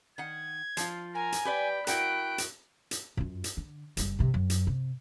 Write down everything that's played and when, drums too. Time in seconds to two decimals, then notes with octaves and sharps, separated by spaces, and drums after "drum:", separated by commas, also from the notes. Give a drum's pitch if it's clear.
0.18 D#3 F#5 G#6
0.77 F3 F4, drum: hi-hat
1.14 A#4 G#5 A#5
1.32 drum: hi-hat
1.45 G4 B4 D5 G5 B5
1.87 E4 F#4 A#4 G5 F#6 D7, drum: hi-hat
2.38 drum: hi-hat
2.91 drum: hi-hat
3.17 F#2 F4
3.44 drum: hi-hat
3.57 D3
3.97 F#1 G3, drum: hi-hat
4.19 G2 C3
4.34 F#2
4.50 drum: hi-hat
4.67 C3